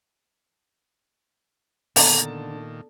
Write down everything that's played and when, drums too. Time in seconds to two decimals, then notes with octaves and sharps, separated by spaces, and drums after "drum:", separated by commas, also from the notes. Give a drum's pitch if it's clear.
1.96 A#2 D3 D#3 B3 D4 A5 A#5, drum: open hi-hat